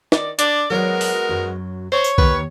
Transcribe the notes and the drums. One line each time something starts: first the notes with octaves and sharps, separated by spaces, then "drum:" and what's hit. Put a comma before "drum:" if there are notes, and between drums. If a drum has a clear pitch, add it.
D#3 D5, drum: snare
D4 D5, drum: hi-hat
F#3 G#3 B3 F#4 A#4 C#5 D5
drum: open hi-hat
F#2 F#3
C5 C#5
drum: tambourine
D#2 D#3 B4, drum: kick B1